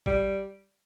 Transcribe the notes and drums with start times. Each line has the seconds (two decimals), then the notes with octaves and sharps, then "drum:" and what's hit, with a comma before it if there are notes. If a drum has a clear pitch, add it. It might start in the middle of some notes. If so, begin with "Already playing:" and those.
0.06 G3, drum: kick A1